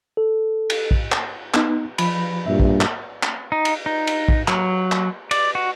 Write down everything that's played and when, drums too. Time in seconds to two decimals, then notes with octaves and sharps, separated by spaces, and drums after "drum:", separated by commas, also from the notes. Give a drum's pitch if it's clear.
0.17 A4
0.70 drum: cymbal
0.91 drum: kick
1.12 drum: clap
1.54 B3 D#4, drum: clap
1.98 F3 B5, drum: cymbal
2.46 G2 A#2 E5
2.60 drum: kick
2.81 drum: clap
3.23 drum: clap
3.52 D#4
3.65 drum: cymbal
3.86 D#4
4.07 drum: cymbal
4.28 drum: kick
4.48 F#3, drum: clap
4.92 drum: clap
5.31 D5, drum: cymbal
5.55 F#4